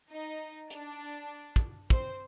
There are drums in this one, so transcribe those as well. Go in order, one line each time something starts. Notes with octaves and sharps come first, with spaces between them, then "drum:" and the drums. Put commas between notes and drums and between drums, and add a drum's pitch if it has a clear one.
D#4 D#5
D4 D5, drum: hi-hat
drum: kick
C4 C5, drum: kick